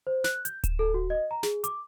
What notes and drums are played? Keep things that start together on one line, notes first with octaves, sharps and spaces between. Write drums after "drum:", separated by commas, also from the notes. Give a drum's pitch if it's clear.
C5
F#6, drum: snare
G6, drum: hi-hat
E7, drum: kick D1, hi-hat
A4
F#4
D#5
A#5
G#4, drum: snare
D6, drum: hi-hat